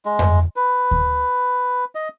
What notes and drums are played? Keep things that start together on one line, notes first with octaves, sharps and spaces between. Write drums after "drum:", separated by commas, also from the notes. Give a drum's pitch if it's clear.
G#3
drum: tom F2
B4
drum: kick D2
D#5